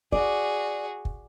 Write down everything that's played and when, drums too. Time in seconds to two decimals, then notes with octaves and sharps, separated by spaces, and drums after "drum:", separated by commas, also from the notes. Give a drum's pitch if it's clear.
0.12 F#4 G#4 D5, drum: kick
1.05 drum: kick